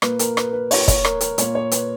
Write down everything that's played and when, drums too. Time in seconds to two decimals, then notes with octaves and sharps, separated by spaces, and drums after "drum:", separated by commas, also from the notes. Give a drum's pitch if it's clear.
0.02 A#2 A#3 B4, drum: rim click
0.19 A#4, drum: hi-hat
0.37 B4, drum: rim click
0.53 B4
0.71 C#5, drum: open hi-hat
0.88 C#5, drum: kick, hi-hat
1.05 A#4, drum: rim click
1.21 A#4, drum: hi-hat
1.38 A#2 A#3 C#5, drum: hi-hat
1.55 C#5
1.71 B4, drum: hi-hat